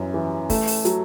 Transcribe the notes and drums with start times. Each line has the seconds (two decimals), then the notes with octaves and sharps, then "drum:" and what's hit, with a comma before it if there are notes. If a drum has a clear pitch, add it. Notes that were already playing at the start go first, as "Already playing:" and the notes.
Already playing: F#2 E3
0.14 E3
0.50 A3, drum: kick, open hi-hat
0.67 drum: open hi-hat
0.85 F#3, drum: hi-hat